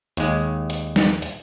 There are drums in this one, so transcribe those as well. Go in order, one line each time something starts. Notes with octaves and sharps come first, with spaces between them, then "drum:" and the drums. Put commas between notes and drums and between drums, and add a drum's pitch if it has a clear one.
D#2 G#3, drum: hi-hat
drum: hi-hat
drum: snare
drum: hi-hat